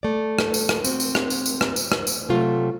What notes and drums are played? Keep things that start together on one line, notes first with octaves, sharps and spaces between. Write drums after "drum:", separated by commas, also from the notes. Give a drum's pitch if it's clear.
A3 D5
drum: rim click
drum: tambourine
drum: rim click
C4 F#4, drum: tambourine
drum: tambourine
drum: rim click
drum: tambourine
drum: tambourine
drum: rim click
drum: tambourine
drum: rim click
drum: tambourine
C3 F#3 A3 F4